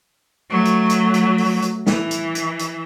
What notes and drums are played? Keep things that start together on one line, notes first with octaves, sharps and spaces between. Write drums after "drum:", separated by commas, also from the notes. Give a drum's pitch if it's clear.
F#3 A3
drum: hi-hat
drum: hi-hat
drum: hi-hat
drum: open hi-hat
drum: hi-hat
E3, drum: snare
drum: hi-hat
drum: hi-hat
drum: hi-hat